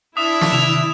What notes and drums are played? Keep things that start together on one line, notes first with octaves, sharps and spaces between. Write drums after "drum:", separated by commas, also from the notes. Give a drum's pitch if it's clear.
D4 E4 E5 D#6 E7
drum: snare
C3 D#3 E7 F7